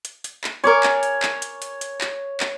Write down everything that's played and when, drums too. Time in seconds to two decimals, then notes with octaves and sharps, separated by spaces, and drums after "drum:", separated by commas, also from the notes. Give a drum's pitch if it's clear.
0.05 drum: hi-hat
0.24 drum: hi-hat
0.44 drum: clap
0.64 A#4 C#5 D5 G#5
0.83 drum: clap
1.03 drum: hi-hat
1.22 drum: clap
1.42 drum: hi-hat
1.62 drum: hi-hat
1.81 drum: hi-hat
2.01 drum: clap
2.40 drum: clap